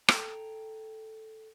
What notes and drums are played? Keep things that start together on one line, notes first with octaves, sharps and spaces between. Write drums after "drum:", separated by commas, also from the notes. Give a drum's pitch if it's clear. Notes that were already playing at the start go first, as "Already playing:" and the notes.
A4 G5 A#5, drum: rim click